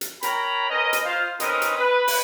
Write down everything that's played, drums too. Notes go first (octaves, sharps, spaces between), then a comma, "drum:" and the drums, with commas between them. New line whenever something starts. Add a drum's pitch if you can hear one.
drum: hi-hat
A#4 C#5 G5 A#5 B5, drum: hi-hat
C#4 A#4 B4 D#5
drum: hi-hat
F4 C5 F5
C4 C#4 D#4 A#4 B4 D#5, drum: hi-hat
drum: hi-hat
B4
drum: open hi-hat